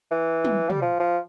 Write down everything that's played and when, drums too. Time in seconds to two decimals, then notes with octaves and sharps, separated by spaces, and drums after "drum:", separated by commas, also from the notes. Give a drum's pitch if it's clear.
0.11 E3
0.44 drum: tom
0.70 G3, drum: tom
0.82 F3
1.00 F3